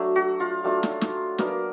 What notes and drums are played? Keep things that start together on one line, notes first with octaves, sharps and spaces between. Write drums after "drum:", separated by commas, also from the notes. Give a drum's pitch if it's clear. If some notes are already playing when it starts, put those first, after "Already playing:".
Already playing: F#3 A3 D4
F#4
F4
F#3 A3 D4 F4
drum: snare
drum: snare
F#3 A#3 B3 D4 A#4, drum: snare